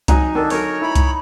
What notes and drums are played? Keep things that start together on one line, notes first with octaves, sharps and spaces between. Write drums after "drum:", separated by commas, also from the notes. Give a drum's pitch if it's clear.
F#3 D#4 G#5, drum: kick C2, hi-hat
D#3 D4 A4
D3 F#3 A#4 C#5, drum: open hi-hat
E4 B5
drum: kick C2, hi-hat